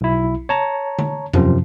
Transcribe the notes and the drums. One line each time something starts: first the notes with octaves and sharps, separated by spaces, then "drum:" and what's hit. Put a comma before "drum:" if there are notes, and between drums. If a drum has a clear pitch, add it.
B1 E4
C#5 A5 A#5
drum: tom D3
F#2 C3 F3, drum: tom E2